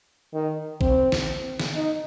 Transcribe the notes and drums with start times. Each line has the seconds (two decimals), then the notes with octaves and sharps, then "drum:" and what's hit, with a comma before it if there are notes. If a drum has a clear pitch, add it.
0.34 D#3
0.81 C4, drum: kick A1
1.12 drum: snare
1.60 drum: snare
1.75 D#4